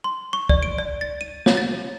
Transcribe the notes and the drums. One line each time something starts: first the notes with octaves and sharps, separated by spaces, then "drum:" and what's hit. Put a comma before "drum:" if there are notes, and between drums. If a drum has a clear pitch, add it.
C6
C#6
D5, drum: kick
D7
D5
A6
D#7
C#5, drum: snare
A6